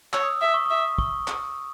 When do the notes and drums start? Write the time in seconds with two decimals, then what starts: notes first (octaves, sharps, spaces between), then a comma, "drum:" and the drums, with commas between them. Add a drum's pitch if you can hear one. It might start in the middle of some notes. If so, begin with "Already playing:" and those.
0.13 C#5 E6, drum: clap
0.23 D#6
0.41 E5 D#6
0.54 C#6
0.66 E5 D#6
0.98 C#6, drum: kick
1.27 drum: clap